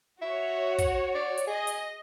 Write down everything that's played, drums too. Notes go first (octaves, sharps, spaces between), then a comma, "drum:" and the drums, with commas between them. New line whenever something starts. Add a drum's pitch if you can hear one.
F#4 C#5 E5
F#5, drum: kick, hi-hat
D5
drum: hi-hat
G#4 D#5
drum: hi-hat